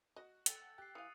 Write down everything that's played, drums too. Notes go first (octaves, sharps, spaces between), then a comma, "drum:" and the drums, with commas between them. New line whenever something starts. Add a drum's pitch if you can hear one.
F#4 D#5
A4 F#5 G5 E6 A6, drum: hi-hat
G4 F#6 C7
E3 F5 D#6 C#7 D#7